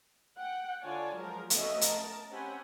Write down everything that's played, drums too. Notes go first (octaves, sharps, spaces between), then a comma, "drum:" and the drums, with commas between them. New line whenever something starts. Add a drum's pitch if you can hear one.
F#5 G5
D3 F4 C#5 D5 G#5 A5
F3 F#3 G#3 G#4 A#4
A3 B3 C#4 F#4 D#5 E5, drum: hi-hat
A#4 A5, drum: hi-hat
C4 C#4 G4 F#5 G#5 B5